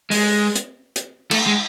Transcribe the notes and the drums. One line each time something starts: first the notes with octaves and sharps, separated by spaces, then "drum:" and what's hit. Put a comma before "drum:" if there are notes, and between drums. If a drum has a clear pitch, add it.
G#3, drum: open hi-hat
drum: hi-hat
drum: hi-hat
A3, drum: cymbal
G#3